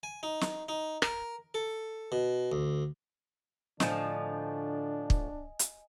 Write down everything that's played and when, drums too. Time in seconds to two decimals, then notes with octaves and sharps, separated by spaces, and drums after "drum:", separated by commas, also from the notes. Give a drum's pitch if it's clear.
0.03 G#5
0.23 D#4
0.41 drum: snare
0.69 D#4
1.02 A#4, drum: rim click
1.54 A4
2.12 B2
2.52 D2
3.80 A2 D3 F3 D4 D#5 G#5, drum: snare
5.10 drum: kick
5.59 drum: hi-hat